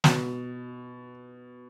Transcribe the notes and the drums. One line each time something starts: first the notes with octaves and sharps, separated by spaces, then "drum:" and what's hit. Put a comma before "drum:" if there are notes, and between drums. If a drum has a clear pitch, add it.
B2, drum: snare